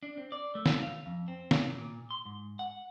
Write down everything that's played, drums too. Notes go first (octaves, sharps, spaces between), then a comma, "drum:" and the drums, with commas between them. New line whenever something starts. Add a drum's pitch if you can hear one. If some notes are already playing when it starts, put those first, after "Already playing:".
D4
C4
D5
A3
drum: snare
F5
F2
C4
C3, drum: snare
A#2
C6
G#2
F#5